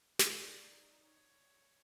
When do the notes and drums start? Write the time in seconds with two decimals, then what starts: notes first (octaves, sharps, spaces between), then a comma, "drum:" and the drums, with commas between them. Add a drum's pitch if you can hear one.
0.19 D#4 C#5 D5, drum: snare
1.04 C#5